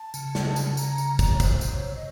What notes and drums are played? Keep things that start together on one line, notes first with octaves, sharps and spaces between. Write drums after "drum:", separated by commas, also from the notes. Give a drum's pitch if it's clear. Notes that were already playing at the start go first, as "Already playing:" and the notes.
Already playing: A5
C#3, drum: tambourine
drum: snare
drum: tambourine
A#5, drum: tambourine
drum: tambourine
A#5
drum: kick, tambourine
C#5
C3 C5, drum: kick, tambourine
drum: tambourine
C#5
C#5
D#5